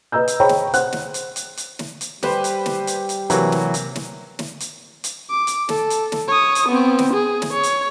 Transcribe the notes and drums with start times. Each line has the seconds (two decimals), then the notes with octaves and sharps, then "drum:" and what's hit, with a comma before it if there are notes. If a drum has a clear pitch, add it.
0.12 B4 D#5 A#5 E6 G6
0.28 drum: hi-hat
0.40 G#4 C5 C#5 G5 A#5 B5
0.49 drum: snare
0.74 C5 F#5 F#6, drum: hi-hat
0.93 drum: snare
1.14 drum: hi-hat
1.36 drum: hi-hat
1.57 drum: hi-hat
1.79 drum: snare
2.01 drum: hi-hat
2.23 G3 G4 B4 C5, drum: snare
2.44 drum: hi-hat
2.66 drum: snare
2.87 drum: hi-hat
3.09 drum: hi-hat
3.30 C3 E3 F#3 A#3, drum: hi-hat
3.52 drum: snare
3.74 drum: hi-hat
3.96 drum: snare
4.39 drum: snare
4.60 drum: hi-hat
5.04 drum: hi-hat
5.30 D6
5.47 drum: hi-hat
5.69 A4, drum: snare
5.90 drum: hi-hat
6.12 drum: snare
6.28 C#5 D#6
6.55 drum: hi-hat
6.68 B3 C4
6.99 drum: snare
7.13 G#4
7.42 drum: snare
7.53 C#5
7.63 drum: hi-hat